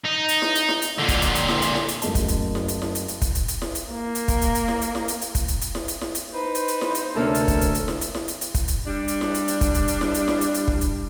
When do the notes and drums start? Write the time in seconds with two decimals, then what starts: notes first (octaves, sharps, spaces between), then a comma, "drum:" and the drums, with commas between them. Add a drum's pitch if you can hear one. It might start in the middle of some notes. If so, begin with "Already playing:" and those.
0.05 D#4
0.29 drum: hi-hat
0.42 drum: snare E4
0.55 drum: hi-hat
0.68 drum: snare E4
0.82 drum: hi-hat
0.98 A#2 D3
1.08 drum: kick, hi-hat
1.22 drum: hi-hat
1.35 drum: hi-hat
1.48 drum: snare E4
1.62 drum: hi-hat
1.75 drum: snare E4
1.88 drum: hi-hat
2.02 F#1 G#3 A3 D#5 A5, drum: hi-hat
2.15 drum: kick, hi-hat
2.28 drum: hi-hat
2.55 drum: snare E4
2.68 drum: hi-hat
2.82 drum: snare E4
2.95 drum: hi-hat
3.08 drum: hi-hat
3.22 drum: kick, hi-hat
3.35 drum: hi-hat
3.48 drum: hi-hat
3.62 drum: snare E4
3.75 drum: hi-hat
3.93 A#3
4.15 drum: hi-hat
4.28 drum: kick, hi-hat
4.42 drum: hi-hat
4.55 drum: hi-hat
4.68 drum: snare E4
4.81 drum: hi-hat
4.95 drum: snare E4
5.08 drum: hi-hat
5.21 drum: hi-hat
5.35 drum: kick, hi-hat
5.48 drum: hi-hat
5.61 drum: hi-hat
5.75 drum: snare E4
5.88 drum: hi-hat
6.01 drum: snare E4
6.15 drum: hi-hat
6.34 D#4 B4 C5
6.55 drum: hi-hat
6.68 drum: hi-hat
6.81 drum: snare E4
6.95 drum: hi-hat
7.15 D2 C3 A#3 C#4 A4
7.35 drum: hi-hat
7.48 drum: kick, hi-hat
7.61 drum: hi-hat
7.75 drum: hi-hat
7.88 drum: snare E4
8.01 drum: hi-hat
8.15 drum: snare E4
8.28 drum: hi-hat
8.41 drum: hi-hat
8.55 drum: kick, hi-hat
8.68 drum: hi-hat
8.87 G3 D4
9.08 drum: hi-hat
9.21 drum: snare E4
9.34 drum: hi-hat
9.48 drum: hi-hat
9.61 drum: kick, hi-hat
9.74 drum: hi-hat
9.88 drum: hi-hat
10.01 drum: snare E4
10.14 drum: hi-hat
10.28 drum: snare E4
10.41 drum: hi-hat
10.54 drum: hi-hat
10.68 drum: kick
10.81 drum: hi-hat